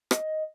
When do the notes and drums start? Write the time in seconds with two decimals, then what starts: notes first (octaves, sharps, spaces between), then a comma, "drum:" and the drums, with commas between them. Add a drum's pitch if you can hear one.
0.11 D#5, drum: rim click